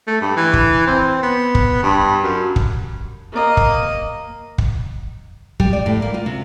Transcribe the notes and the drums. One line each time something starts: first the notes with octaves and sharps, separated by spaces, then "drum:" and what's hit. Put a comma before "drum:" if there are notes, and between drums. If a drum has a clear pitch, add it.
A3
G2
E3
drum: kick
C4
B3
drum: kick
G2
F#2
drum: kick
A#3 D#5
drum: kick
drum: kick
G3, drum: kick
D5
A2
A#3
F4
C3